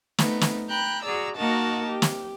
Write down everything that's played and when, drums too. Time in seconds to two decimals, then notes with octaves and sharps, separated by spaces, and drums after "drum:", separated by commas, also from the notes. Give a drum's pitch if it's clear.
0.18 A3 B3 D#4, drum: snare
0.41 drum: snare
0.69 G5 A#5 B5 F#6
1.03 F#4 G#4 D5 A#5 E6
1.36 A#3 D#4 F#4 A#4 D#5 A5
1.88 G4
2.02 drum: snare